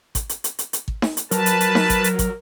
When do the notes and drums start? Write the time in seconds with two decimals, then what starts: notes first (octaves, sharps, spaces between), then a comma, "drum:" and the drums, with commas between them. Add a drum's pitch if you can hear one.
0.15 drum: kick, hi-hat
0.29 drum: hi-hat
0.44 drum: hi-hat
0.59 drum: hi-hat
0.73 drum: hi-hat
0.88 drum: kick
1.02 drum: snare D#4
1.17 drum: hi-hat
1.31 F#3 A#4 B4 A5, drum: hi-hat
1.46 drum: hi-hat
1.60 drum: hi-hat
1.75 drum: snare D#4
1.90 drum: kick, hi-hat
2.04 drum: hi-hat
2.19 drum: kick, hi-hat